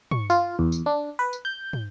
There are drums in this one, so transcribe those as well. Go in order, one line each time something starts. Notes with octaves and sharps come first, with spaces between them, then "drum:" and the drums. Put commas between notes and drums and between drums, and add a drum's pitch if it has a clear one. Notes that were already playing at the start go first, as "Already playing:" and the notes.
C#6, drum: tom
F4, drum: tambourine
E2
drum: tambourine
D4
B4
drum: tambourine
G6
drum: tom